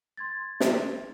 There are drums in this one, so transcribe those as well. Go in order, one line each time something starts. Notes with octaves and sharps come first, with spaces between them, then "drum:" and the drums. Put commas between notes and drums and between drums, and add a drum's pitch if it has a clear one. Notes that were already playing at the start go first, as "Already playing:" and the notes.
C6 G#6 A6
drum: snare